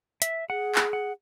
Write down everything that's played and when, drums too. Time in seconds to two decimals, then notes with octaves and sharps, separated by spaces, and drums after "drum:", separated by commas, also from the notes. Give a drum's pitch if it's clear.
0.22 E5, drum: hi-hat
0.50 G#4 F#5
0.75 drum: clap
0.93 F#5